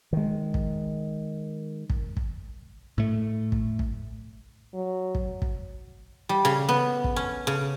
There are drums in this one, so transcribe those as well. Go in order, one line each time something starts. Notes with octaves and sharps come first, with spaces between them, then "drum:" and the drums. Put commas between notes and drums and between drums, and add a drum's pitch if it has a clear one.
D#3 G#3
drum: kick
drum: kick
drum: kick
A2 A3
drum: kick
drum: kick
F#3
drum: kick
drum: kick
G3
C#3
B3
drum: kick
C#4
C#3